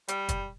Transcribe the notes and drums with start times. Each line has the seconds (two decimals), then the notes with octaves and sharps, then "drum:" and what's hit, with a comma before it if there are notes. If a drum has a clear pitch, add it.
0.08 G3, drum: hi-hat
0.29 drum: kick, hi-hat